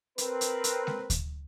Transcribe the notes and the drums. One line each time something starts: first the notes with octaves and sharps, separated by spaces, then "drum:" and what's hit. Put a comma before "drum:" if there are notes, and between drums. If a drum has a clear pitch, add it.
C4 A#4 B4, drum: hi-hat
drum: hi-hat
drum: hi-hat
drum: snare G#3
drum: kick D2, hi-hat